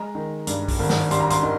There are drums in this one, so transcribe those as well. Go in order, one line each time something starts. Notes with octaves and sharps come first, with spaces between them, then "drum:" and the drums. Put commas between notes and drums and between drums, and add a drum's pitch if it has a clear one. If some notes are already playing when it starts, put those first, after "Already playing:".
Already playing: G#3 A#5
D#3
G2, drum: hi-hat
drum: kick, open hi-hat
G#1
drum: snare
G3 C6, drum: hi-hat
A#5
C6, drum: hi-hat
D#3